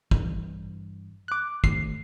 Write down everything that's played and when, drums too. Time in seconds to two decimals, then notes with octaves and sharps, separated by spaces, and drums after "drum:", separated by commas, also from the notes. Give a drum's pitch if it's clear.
0.11 G2 E3, drum: kick
1.28 D6 F#6
1.64 D#3 A3 C7, drum: kick